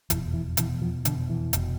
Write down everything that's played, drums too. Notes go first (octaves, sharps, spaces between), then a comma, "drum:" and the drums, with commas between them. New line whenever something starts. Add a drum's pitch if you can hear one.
F1 E2 B2 E3, drum: hi-hat
E3
F1 E2 B2 E3, drum: hi-hat
F3
F1 E2 B2 D3, drum: hi-hat
E3
F1 B2, drum: hi-hat